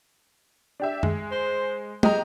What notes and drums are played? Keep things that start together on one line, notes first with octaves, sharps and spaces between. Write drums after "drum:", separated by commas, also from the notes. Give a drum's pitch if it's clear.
D4 G4 E5
G#3, drum: tom F#2
C5
G#3 G4 A#5, drum: tom